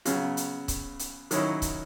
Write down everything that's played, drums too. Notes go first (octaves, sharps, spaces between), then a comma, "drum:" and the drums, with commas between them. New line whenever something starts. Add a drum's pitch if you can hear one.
C#3 F#3 B3, drum: hi-hat
drum: hi-hat
drum: kick C#1, hi-hat
drum: hi-hat
D#3 F#3 C#4 E4, drum: hi-hat
drum: kick C#1, hi-hat